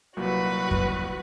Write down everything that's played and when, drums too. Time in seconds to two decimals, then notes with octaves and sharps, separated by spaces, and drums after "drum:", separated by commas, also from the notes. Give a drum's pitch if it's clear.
0.17 C2 A#2 F#3 F#4 B4
0.71 drum: kick F2